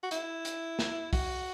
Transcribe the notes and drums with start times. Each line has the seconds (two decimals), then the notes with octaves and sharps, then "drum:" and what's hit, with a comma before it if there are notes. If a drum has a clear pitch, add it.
0.03 F#4
0.11 E4, drum: hi-hat
0.45 drum: hi-hat
0.79 drum: snare
1.13 F#4, drum: kick, open hi-hat